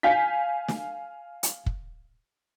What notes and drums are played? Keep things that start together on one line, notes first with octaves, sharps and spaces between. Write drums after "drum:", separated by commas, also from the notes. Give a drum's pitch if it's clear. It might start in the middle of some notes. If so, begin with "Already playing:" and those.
F5 G#5 G6 B6
drum: snare
drum: hi-hat
drum: kick